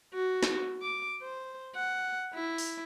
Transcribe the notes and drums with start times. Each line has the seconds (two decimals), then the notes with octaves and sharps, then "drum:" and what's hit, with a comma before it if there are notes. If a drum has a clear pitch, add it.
0.14 F#4
0.43 drum: snare
0.82 D6
1.22 C5
1.76 F#5
2.34 E4
2.58 drum: open hi-hat